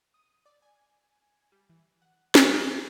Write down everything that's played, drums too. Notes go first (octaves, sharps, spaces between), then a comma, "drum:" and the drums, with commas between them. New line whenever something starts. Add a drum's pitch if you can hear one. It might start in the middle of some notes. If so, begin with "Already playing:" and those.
D#6
D5
G#5
G3
E3
F#5
drum: snare